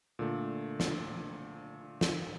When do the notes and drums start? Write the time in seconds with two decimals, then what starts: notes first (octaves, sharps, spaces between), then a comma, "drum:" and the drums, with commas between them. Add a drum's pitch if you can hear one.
0.19 A#2 D3 A3
0.80 drum: snare
2.01 drum: snare